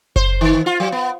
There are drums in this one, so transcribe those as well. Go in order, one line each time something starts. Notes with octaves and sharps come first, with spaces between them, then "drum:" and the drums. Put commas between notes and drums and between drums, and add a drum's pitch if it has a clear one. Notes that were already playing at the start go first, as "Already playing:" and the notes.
C5, drum: kick F#1
D#3
F4
F#3
B3